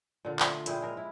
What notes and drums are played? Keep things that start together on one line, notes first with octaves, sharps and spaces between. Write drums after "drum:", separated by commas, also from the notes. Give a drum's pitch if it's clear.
A#2 D3
A3 F4, drum: clap
A#2 E4 G#4 G5, drum: hi-hat
G#3 A#4
E4